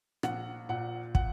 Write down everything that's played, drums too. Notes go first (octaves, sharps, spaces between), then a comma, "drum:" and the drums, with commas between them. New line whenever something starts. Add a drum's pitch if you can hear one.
A#1 F#5, drum: rim click
A#2 F#5
F#5, drum: kick